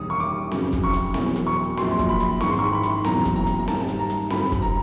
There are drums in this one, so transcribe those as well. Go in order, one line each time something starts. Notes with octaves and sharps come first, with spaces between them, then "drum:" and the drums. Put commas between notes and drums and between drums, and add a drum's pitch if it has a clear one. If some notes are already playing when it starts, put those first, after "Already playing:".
Already playing: E1 D#2 D#3 G3 D#6
C#6
D6
F2 C#3 F#3, drum: snare C4
drum: kick, hi-hat
C#6
drum: hi-hat
E1 E2 B2 F#3, drum: snare C4
drum: hi-hat
C#6
A#1 A#2 F#3 C6, drum: snare C4
drum: kick, hi-hat
B5
drum: hi-hat
G#2 D#3 G#3 C#6, drum: snare C4
C6
C#6
B5
drum: hi-hat
F#1 E2 B2 F#3 A#5, drum: snare C4
drum: kick, hi-hat
A#5
drum: hi-hat
A#5
G#2 D#3 G3 A5, drum: snare C4
drum: hi-hat
A#5
drum: hi-hat
G2 D3 F#3 B5, drum: snare C4
drum: kick, hi-hat
A#5